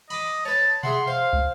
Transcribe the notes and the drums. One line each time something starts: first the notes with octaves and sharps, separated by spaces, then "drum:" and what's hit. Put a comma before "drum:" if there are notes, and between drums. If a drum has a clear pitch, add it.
D#5 B5 D6, drum: cymbal
B4 C#5 A5
G#4 E5 F#5 C6, drum: tom B2
C5 F5
drum: kick